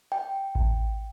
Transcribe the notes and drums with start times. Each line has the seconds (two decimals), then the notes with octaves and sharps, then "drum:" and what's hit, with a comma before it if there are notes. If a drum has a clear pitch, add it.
0.12 G5
0.55 drum: kick A1